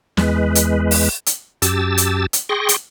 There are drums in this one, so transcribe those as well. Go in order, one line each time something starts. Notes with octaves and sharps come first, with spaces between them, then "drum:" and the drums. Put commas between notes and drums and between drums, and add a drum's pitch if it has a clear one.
E2 G#3 B4, drum: snare
drum: hi-hat
drum: open hi-hat
drum: hi-hat
F#2 G4 A5 E6 A6, drum: hi-hat
drum: hi-hat
drum: hi-hat
G#4 G5 C6 C#6 A#6
drum: hi-hat